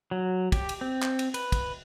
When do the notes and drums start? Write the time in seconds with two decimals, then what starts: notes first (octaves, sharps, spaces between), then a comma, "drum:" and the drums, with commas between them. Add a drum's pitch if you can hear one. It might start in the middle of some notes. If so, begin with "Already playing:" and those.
0.11 F#3
0.52 G4, drum: kick, cymbal
0.69 drum: cymbal
0.81 C4
1.02 drum: clap
1.19 drum: cymbal
1.34 B4, drum: cymbal
1.52 drum: kick, cymbal